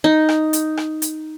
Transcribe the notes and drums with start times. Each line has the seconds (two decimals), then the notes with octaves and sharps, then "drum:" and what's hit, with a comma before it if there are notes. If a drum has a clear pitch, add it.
0.04 D#4
0.29 drum: rim click
0.53 drum: hi-hat
0.77 drum: rim click
1.02 drum: hi-hat